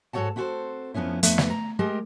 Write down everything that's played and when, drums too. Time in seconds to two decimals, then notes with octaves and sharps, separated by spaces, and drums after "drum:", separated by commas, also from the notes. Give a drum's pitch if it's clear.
0.13 G#2 F#4 A4 C#5 F#5 A5
0.36 C4 E4 F#4 G4 A4 C5
0.94 F2 F3 B3 C#4 E4
1.23 F2 A3 B3 D#4 B4 E5, drum: hi-hat
1.38 drum: snare
1.50 A#5
1.79 G#3 G4 A#4 D#5